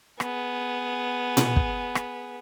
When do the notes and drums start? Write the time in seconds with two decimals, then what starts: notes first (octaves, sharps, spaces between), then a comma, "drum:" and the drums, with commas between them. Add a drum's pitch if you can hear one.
0.20 B3 G#4, drum: rim click
1.37 drum: tom A#2
1.56 drum: kick
1.95 drum: rim click